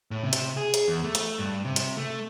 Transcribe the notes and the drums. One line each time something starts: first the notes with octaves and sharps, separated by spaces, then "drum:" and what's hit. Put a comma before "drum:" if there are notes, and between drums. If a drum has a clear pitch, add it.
A2
C3
drum: hi-hat
G#4
drum: hi-hat
E2
A3
drum: hi-hat
G2
C3
drum: hi-hat
A3